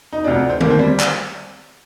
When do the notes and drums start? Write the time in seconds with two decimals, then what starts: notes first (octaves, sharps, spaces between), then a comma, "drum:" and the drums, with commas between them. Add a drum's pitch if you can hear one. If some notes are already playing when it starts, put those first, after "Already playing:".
0.13 D#4
0.24 D2 C3 F3 D4
0.49 C4
0.61 D#2 D#3 A#3, drum: tom D3
0.70 C4
0.79 G3
1.00 drum: clap